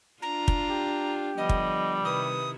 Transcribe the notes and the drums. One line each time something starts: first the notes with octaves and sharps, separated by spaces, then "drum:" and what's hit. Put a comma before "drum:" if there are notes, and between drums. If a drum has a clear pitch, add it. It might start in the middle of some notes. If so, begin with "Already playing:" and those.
D4 F4 A#5
drum: kick
G4
D3 F3 G3 B3 D#5
drum: kick
C3 D#3 E4 B4 D#6